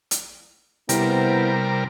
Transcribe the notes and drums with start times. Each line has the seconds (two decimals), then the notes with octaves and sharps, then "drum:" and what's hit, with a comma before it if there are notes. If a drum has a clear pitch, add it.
0.11 drum: hi-hat
0.89 C3 G3 B3 C4 E4 A#4, drum: hi-hat